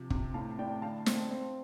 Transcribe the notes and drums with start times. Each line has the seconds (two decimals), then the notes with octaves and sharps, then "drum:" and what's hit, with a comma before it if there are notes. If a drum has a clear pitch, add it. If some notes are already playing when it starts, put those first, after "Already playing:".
Already playing: C3 F3
0.10 C3, drum: kick
0.34 A2 F5 A5
0.59 A2 D5 G5
0.82 D3 F5 A5
1.06 C4, drum: snare
1.31 C4